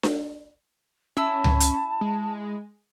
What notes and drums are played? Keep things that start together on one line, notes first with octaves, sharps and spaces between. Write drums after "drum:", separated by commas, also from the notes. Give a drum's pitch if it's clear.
drum: snare D4
C#4 E4 A5 E6
drum: tom C#2
drum: hi-hat
G#3